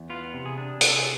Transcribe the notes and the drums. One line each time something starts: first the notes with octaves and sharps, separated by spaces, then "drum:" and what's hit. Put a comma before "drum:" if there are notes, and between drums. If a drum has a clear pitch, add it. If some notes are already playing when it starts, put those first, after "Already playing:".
Already playing: E2
B3 F4
C3
G#4
D4
C3 G#4, drum: hi-hat
A4
G#4